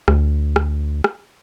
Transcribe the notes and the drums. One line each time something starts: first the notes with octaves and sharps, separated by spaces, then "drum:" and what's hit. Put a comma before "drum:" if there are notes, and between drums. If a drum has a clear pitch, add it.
D2, drum: rim click
drum: rim click
drum: rim click